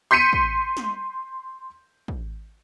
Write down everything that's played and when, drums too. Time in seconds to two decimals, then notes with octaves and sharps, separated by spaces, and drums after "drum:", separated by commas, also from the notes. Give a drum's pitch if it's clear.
0.11 C6 G6 B6 C#7 D#7
0.33 drum: kick
0.77 drum: snare
2.08 drum: kick